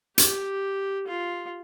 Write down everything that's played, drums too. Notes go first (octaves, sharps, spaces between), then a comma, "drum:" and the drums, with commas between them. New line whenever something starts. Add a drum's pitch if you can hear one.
G4, drum: hi-hat
F4